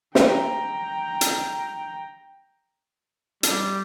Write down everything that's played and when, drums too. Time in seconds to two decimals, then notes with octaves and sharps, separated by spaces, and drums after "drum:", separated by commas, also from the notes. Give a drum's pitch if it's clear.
0.15 G5 A#5, drum: snare
1.21 drum: hi-hat
3.43 G3, drum: hi-hat